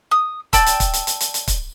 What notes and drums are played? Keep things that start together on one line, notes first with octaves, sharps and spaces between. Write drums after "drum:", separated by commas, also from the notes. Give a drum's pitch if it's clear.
D#6
D5 G5 A5 E6, drum: kick, hi-hat
drum: hi-hat
drum: kick, hi-hat
drum: hi-hat
drum: hi-hat
drum: hi-hat
drum: hi-hat
drum: kick, hi-hat